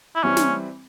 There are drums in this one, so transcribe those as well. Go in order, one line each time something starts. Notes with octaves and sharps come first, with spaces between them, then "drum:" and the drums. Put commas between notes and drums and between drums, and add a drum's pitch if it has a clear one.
E4
E3 G3 C4 C#4
drum: snare